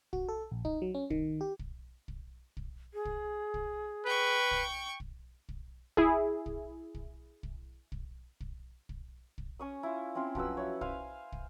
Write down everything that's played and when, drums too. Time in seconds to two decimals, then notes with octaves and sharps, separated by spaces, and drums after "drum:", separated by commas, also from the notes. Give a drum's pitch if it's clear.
0.13 F#4, drum: kick
0.28 A4
0.51 A#1
0.65 D#4, drum: kick
0.82 F#3
0.95 C#4
1.10 D#3, drum: kick
1.41 G4
1.59 drum: kick
2.08 drum: kick
2.57 drum: kick
2.94 G#4
3.05 drum: kick
3.54 drum: kick
4.06 B4 G5 C#6
4.51 drum: kick
5.00 drum: kick
5.49 drum: kick
5.97 E4 G#4, drum: kick
6.46 drum: kick
6.95 drum: kick
7.43 drum: kick
7.92 drum: kick
8.40 drum: kick
8.89 drum: kick
9.38 drum: kick
9.60 C#4 C#6 D#6
9.83 E4 F4
10.15 C4 C#4 E4 F4
10.35 F3 F#3 B4 E6, drum: kick
10.57 E4 C#5
10.81 C5 F5 G#5, drum: kick
11.32 drum: kick